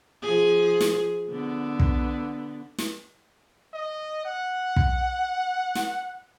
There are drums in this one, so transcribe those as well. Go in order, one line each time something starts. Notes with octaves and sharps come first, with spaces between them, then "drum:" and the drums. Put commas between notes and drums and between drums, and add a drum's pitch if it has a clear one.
F3 G#4
drum: snare
D3 B3
drum: kick
drum: snare
D#5
F#5
drum: kick
drum: snare